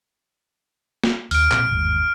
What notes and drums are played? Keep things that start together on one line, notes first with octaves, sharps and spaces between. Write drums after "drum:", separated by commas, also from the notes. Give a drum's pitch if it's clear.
drum: snare
D#2 F6 D7, drum: open hi-hat
B1 A#2 C4, drum: clap
G1 D#2 G#2